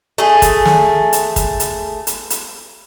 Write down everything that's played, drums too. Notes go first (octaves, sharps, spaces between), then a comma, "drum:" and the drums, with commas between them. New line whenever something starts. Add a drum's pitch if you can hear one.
A3 G#4
drum: kick, hi-hat
drum: snare
drum: hi-hat
drum: kick, hi-hat
drum: hi-hat
drum: hi-hat
drum: hi-hat